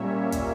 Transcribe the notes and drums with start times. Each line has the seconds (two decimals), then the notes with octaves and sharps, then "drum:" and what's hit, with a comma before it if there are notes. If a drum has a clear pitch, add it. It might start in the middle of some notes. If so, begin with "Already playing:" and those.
Already playing: A#2 G3 A#3 C#4 C#5 E5
0.32 drum: kick, hi-hat